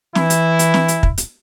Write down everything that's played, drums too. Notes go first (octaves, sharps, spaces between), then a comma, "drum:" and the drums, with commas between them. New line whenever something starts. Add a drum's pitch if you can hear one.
E3 E4, drum: snare
drum: hi-hat
drum: hi-hat
drum: snare
drum: hi-hat
drum: kick
drum: hi-hat